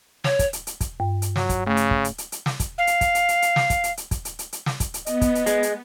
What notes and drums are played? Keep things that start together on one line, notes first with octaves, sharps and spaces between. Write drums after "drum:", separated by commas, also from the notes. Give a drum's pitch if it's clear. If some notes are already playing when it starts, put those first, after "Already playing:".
C#5, drum: snare
drum: kick, hi-hat
drum: hi-hat
drum: hi-hat
drum: kick, hi-hat
G2
drum: hi-hat
F#3, drum: snare
drum: kick, hi-hat
C#3 A3
drum: hi-hat
drum: kick
drum: hi-hat
drum: hi-hat
drum: hi-hat
drum: snare
drum: kick, hi-hat
F5
drum: hi-hat
drum: kick, hi-hat
drum: hi-hat
drum: hi-hat
drum: hi-hat
drum: snare
drum: kick, hi-hat
drum: hi-hat
drum: hi-hat
drum: kick, hi-hat
drum: hi-hat
drum: hi-hat
drum: hi-hat
drum: snare
drum: kick, hi-hat
drum: hi-hat
B3 D#5, drum: hi-hat
drum: kick, hi-hat
drum: hi-hat
G#3, drum: hi-hat
drum: hi-hat